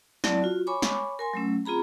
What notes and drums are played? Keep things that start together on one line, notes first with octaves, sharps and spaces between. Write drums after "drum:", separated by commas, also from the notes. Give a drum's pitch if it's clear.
F#3 C4 E4 D5 A5, drum: snare
F4 F#4
C#5 G#5 B5 C#6 D6
drum: snare
A#4 G#5 C6
F#3 A3 C#4
C4 F4 G#4 A#5 B5